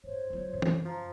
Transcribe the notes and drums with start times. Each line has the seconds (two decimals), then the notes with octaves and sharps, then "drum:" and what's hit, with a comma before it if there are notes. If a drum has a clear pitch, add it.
0.04 G2 C5 C#5
0.30 F#3 F4
0.53 F#2 C#3
0.62 drum: tom
0.85 F3 A#5